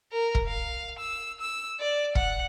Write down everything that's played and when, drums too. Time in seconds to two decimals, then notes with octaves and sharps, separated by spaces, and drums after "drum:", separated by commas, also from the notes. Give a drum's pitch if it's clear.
0.12 A#4
0.35 drum: kick
0.47 F5
0.98 E6
1.40 E6
1.80 D5
2.15 F#5, drum: kick